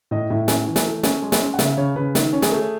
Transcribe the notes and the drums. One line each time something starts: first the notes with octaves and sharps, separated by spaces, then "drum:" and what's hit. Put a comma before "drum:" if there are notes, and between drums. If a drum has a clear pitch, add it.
A2 D#5
A2 E5
C#4 G#5, drum: snare
E3
G#5, drum: snare
A3
C#4 G#5, drum: snare
G#3
G#5, drum: snare
C#4
F#5
C#3 E5, drum: snare
C#3 C#5
C#3 B4
D#3, drum: snare
C#4
G#4, drum: snare
A3